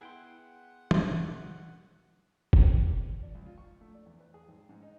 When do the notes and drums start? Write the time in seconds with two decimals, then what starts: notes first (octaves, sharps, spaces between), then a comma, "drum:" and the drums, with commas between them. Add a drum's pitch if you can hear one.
0.01 B3 E4 G#4 F#5 G5 C6
0.91 drum: tom
2.53 drum: kick
3.23 D5
3.35 C#2
3.46 F4
3.58 C#6
3.81 A3
3.94 D5
4.06 E2
4.20 B4
4.34 G#4
4.48 G#1
4.69 G#2
4.83 D#4